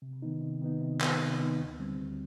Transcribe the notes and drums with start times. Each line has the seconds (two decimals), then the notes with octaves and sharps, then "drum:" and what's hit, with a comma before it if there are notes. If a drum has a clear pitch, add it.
0.02 C3
0.22 D#3 B3 D#4
0.41 C3
0.61 D#3 B3 D#4
0.81 C3
1.01 D#3 B3 D#4, drum: clap
1.20 C3
1.40 D#3 B3 D#4
1.60 D2
1.80 D3 G3 C4
1.99 D2